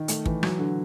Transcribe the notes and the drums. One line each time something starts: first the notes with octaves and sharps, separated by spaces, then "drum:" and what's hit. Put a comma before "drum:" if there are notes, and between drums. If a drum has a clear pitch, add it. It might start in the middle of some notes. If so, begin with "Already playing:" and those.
Already playing: D#3
A3, drum: hi-hat
E3, drum: kick
F#3, drum: rim click
D3